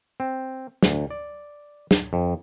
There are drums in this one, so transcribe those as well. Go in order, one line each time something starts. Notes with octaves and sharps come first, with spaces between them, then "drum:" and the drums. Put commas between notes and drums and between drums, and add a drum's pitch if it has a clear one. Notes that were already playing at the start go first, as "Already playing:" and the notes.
C4
D2, drum: snare
D5
drum: snare
F2